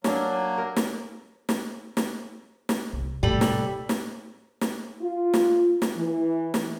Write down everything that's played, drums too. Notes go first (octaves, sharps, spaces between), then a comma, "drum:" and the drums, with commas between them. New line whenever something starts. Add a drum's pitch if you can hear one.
F#3 A#3 C#4 D4, drum: snare
A#4
drum: snare
drum: snare
drum: snare
drum: snare
C2
A2 C3 G3 A4 B5
drum: snare
drum: snare
drum: snare
F4
drum: snare
drum: snare
E3
drum: snare